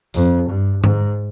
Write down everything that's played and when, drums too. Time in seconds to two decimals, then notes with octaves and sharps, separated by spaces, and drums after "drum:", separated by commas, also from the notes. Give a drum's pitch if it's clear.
0.14 F2, drum: tambourine
0.49 G2
0.84 G#2, drum: tom G2